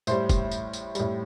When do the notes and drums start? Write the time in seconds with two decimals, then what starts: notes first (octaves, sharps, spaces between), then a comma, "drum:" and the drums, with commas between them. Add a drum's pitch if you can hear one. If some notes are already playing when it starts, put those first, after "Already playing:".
0.07 A2 G3 C5, drum: tambourine
0.29 drum: kick, tambourine
0.51 drum: tambourine
0.73 drum: tambourine
0.95 A2 G3, drum: tambourine